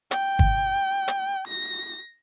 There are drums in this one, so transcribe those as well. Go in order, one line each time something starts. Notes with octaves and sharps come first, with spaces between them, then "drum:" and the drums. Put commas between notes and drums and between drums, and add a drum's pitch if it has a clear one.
G5, drum: hi-hat
drum: kick
drum: hi-hat
A#6